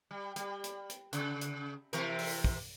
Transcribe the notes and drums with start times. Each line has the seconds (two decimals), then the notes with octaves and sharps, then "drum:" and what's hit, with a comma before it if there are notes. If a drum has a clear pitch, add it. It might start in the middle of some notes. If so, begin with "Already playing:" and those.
0.11 G3
0.36 G3, drum: hi-hat
0.64 drum: hi-hat
0.90 drum: hi-hat
1.13 C#3, drum: hi-hat
1.41 drum: hi-hat
1.93 C3 E3 A#4, drum: hi-hat
2.19 drum: open hi-hat
2.44 drum: kick